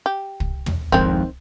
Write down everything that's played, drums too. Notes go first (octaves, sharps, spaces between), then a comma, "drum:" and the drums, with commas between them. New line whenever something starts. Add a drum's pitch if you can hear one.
G4
drum: kick
drum: tom
G#1 F2 G#2 D#3 C4, drum: kick